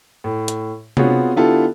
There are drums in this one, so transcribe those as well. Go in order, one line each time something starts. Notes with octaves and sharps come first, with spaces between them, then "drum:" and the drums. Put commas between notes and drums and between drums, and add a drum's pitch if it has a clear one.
A2
drum: hi-hat
B3 C4 F4 F#4 G#4 C#5, drum: tom C3
D3 B3 E4 F4 G4 A4